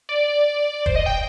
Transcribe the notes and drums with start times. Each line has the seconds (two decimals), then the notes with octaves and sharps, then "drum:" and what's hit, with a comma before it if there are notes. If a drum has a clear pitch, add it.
0.09 D5
0.86 C5, drum: kick
0.96 D#5
1.06 G5